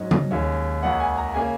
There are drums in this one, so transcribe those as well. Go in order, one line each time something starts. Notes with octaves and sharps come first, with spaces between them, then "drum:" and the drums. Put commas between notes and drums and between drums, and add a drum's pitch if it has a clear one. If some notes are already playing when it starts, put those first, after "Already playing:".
Already playing: G#2 F#3 C#4 D#5
drum: tom C#3
D#2 D#3 G#3 C#4
C#2 C#3 A#3 C#4 F#5
G#5
A#5
C#3 A#3 C#4 G#5